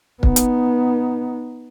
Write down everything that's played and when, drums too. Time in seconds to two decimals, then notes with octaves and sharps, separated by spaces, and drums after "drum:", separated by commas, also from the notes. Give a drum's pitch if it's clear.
0.23 B3 D#4, drum: kick
0.36 drum: hi-hat